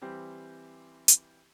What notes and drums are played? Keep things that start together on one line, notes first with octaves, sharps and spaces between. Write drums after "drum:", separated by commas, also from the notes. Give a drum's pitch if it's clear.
E3 G3 C4 G4
drum: hi-hat